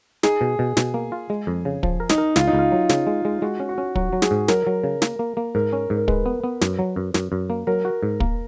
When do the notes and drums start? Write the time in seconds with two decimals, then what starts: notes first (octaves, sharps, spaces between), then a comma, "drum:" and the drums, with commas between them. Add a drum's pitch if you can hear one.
0.23 D#4 G#4, drum: snare
0.41 B2
0.59 B2
0.77 B2, drum: snare
0.94 A#3
1.12 F4
1.30 G#3
1.47 F2
1.65 C#3
1.83 F3, drum: kick
2.00 A#4
2.09 D#4, drum: snare
2.18 A#4
2.36 C#2 F4, drum: snare
2.47 D#4
2.53 C#2
2.59 F4
2.72 F#3
2.89 C#3, drum: snare
3.07 G#3
3.25 G#3
3.42 G#3 F#4
3.60 C#4
3.69 F#4
3.78 C#4
3.95 F#3 F#4, drum: kick
4.13 F#3
4.22 G#4, drum: snare
4.31 G#2
4.48 F#3 A#4, drum: snare
4.67 F#3
4.84 C#3
5.02 A#3, drum: snare
5.19 A#3
5.37 A#3
5.55 G#2 A#4
5.73 C#4
5.90 G#2
5.97 A#4
6.08 G#3 B4, drum: kick
6.26 B3
6.44 B3
6.61 F#2, drum: snare
6.79 F#3
6.96 F#2
7.14 F#2, drum: snare
7.32 F#2
7.50 A#3
7.67 F#3 A#4
7.85 F#4
8.03 G#2
8.20 A#3, drum: kick